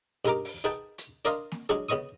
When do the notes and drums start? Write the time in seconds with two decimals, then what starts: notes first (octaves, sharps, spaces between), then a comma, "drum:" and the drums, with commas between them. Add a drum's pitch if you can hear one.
0.25 G2 G#3 D#4 A#4 A#5 D6
0.45 drum: open hi-hat
0.64 D#4 G#4 B4 F#5 G5 A5
0.98 drum: hi-hat
1.25 D4 A#4 D5 D#5 F5 C6, drum: hi-hat
1.52 drum: snare A#3
1.69 F#3 G#3 C#4 D4 G#4
1.89 C#3 B3 D#5 C#6 D#6